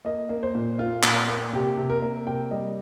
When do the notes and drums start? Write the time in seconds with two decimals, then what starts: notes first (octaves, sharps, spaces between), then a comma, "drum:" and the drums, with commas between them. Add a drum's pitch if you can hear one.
0.05 A#3 D#5
0.29 A#3
0.43 C5
0.55 A#2
0.78 A#3 F4
1.03 A#2, drum: clap
1.28 A#3
1.53 C3 G4
1.77 C3
1.90 A#4
2.02 A#3
2.27 C3 G5
2.51 G3 D#5